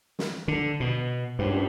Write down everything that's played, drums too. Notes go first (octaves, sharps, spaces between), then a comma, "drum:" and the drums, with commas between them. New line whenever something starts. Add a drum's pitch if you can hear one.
drum: snare
D3
B2
G2, drum: cymbal